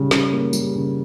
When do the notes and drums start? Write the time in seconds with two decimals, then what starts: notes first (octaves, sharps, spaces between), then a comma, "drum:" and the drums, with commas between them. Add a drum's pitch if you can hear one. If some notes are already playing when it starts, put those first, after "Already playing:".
Already playing: C#3 G3
0.11 C#3, drum: snare
0.32 A#3
0.53 G3, drum: tambourine
0.75 C#3